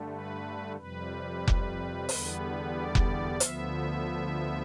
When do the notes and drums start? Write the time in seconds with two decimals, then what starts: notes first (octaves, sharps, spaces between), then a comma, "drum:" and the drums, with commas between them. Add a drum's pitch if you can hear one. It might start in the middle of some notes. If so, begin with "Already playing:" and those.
Already playing: G2 D3 A3
0.10 B4
0.76 F2 C3 G3 B4
1.48 drum: kick F1
2.09 E2 D3 G3 B3, drum: open hi-hat
2.74 D5
2.95 drum: kick F1
3.40 D2 D3 F3 B3 E5, drum: hi-hat